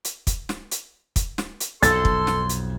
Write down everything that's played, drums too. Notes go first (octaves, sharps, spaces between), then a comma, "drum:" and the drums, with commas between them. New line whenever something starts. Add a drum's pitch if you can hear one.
drum: hi-hat
drum: kick, hi-hat
drum: snare
drum: hi-hat
drum: kick, hi-hat
drum: snare
drum: hi-hat
B1 F2 A4 C6 A6, drum: hi-hat
drum: kick
drum: snare
drum: hi-hat